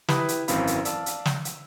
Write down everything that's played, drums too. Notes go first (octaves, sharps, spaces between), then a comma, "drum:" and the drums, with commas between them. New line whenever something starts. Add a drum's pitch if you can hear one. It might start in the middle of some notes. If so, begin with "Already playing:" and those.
E4 G4 B4 G5 B5 D#6, drum: snare
drum: hi-hat
G#1 F#2 E3 C4 F5 B5, drum: hi-hat
drum: hi-hat
D5 F5 A5 E6, drum: hi-hat
drum: hi-hat
drum: snare
drum: hi-hat